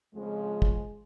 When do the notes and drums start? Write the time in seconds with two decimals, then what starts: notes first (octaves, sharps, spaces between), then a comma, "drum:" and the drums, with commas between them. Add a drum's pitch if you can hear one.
0.14 F2 C#3 F3 G#3
0.62 drum: kick